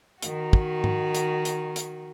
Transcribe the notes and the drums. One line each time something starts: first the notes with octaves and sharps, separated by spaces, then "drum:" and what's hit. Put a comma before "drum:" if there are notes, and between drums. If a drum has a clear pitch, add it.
D#3 F#4, drum: hi-hat
drum: kick
drum: tom G#2
drum: hi-hat
drum: hi-hat
drum: hi-hat